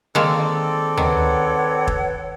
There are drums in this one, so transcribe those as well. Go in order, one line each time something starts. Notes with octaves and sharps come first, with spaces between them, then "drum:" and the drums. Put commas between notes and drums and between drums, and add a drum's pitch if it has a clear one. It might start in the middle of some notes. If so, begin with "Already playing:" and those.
D#3 G#3 A#3 C4 A4 D5
D#3 B4 C#5 F#5, drum: tom D2
drum: kick